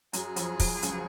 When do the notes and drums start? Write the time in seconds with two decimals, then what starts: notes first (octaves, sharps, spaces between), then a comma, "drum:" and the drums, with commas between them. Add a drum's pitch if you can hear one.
0.13 F#2 F#3 G#4, drum: hi-hat
0.36 F2 F3, drum: hi-hat
0.60 F2 F3, drum: kick, open hi-hat
0.82 C#2 C#3, drum: hi-hat